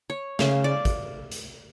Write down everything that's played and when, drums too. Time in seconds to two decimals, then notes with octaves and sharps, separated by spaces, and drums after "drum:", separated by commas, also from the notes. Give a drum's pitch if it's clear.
0.10 C#5
0.39 C#3 F5, drum: snare
0.64 D5
0.85 drum: kick, hi-hat
1.31 drum: hi-hat